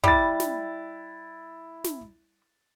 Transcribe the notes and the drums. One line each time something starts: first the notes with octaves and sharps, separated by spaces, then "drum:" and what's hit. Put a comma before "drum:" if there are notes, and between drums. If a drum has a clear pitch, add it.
G3 E4 A6, drum: kick
drum: snare
drum: snare